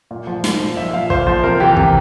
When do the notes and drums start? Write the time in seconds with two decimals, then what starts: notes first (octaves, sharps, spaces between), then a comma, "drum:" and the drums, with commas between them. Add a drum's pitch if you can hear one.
0.11 A#2
0.27 F3
0.44 A#2, drum: snare
0.60 F3
0.77 A#2 E5
0.93 F3 F5
1.10 A#2 C5, drum: kick
1.27 F3 C5
1.43 C3 A#4
1.60 E3 G4
1.77 C3, drum: kick